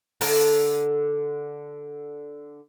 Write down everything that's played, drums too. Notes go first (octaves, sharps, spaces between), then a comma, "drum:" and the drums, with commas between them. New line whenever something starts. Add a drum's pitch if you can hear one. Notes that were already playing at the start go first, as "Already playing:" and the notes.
D3 A4 A#4, drum: open hi-hat